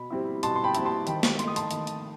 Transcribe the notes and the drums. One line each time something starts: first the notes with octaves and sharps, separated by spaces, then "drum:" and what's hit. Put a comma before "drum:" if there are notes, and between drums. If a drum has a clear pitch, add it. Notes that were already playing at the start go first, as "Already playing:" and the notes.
Already playing: B2 B5
G3 C4 E4
B2 A5 C6, drum: hi-hat
C6
G5 B5
G3 C4 E4, drum: hi-hat
A5 C6
D#3 G5 B5, drum: hi-hat
drum: snare
A3 D#4 C6, drum: hi-hat
D#6
A5 C6, drum: hi-hat
D#3, drum: hi-hat
drum: hi-hat